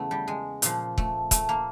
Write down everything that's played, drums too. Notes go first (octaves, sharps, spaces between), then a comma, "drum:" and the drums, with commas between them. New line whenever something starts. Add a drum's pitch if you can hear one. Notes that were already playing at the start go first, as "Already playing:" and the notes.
Already playing: E2 C#3 A3 B3
G3
G#3
A#2 F3, drum: hi-hat
A3, drum: kick
A3, drum: kick, hi-hat
A#3